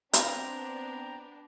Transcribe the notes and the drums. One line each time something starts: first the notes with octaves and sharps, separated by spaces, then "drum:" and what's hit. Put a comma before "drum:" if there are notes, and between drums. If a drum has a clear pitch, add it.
B3 C4 D4 F4 G5 A#5, drum: hi-hat